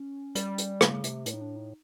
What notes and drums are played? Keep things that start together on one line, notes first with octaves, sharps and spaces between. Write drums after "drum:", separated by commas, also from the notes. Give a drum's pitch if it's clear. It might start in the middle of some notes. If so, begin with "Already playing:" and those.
Already playing: C#4
G3, drum: hi-hat
drum: hi-hat
C#3 A3, drum: rim click
C3, drum: hi-hat
A2 A3, drum: hi-hat
D#4
D4
D#4